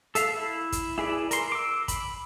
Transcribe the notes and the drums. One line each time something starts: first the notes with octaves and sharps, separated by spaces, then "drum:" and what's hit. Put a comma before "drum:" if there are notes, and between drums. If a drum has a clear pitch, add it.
A4 E5 F5, drum: hi-hat
E4
drum: kick, hi-hat
E4 G#4 B4 D5
A#4 C6, drum: hi-hat
D6 E6
B5, drum: kick, hi-hat